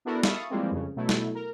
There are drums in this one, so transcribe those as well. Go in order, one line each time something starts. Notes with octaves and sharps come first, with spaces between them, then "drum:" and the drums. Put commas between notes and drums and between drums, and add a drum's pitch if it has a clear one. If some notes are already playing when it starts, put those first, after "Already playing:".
B3 D4 E4 F#4 A4 A#4
E5 F5 A5 B5 C#6 D#6, drum: snare
E3 F3 G3 G#3 A#3 C4
F2 C#3
B2 F#3 A3 E4
drum: snare
A#4